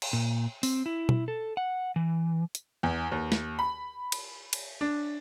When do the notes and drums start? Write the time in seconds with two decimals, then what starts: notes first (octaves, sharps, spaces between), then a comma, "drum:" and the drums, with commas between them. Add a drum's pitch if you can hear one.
0.02 drum: cymbal
0.13 A#2
0.63 C4, drum: open hi-hat
0.86 E4
1.09 drum: tom B2
1.28 A4
1.57 F#5
1.96 E3
2.55 drum: hi-hat
2.83 E2
3.12 D#2
3.32 drum: snare
3.59 B5
4.12 drum: cymbal
4.53 drum: cymbal
4.81 D4